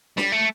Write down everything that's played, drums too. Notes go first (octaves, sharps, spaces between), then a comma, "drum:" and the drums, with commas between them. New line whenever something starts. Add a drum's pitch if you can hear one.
G3, drum: snare
A3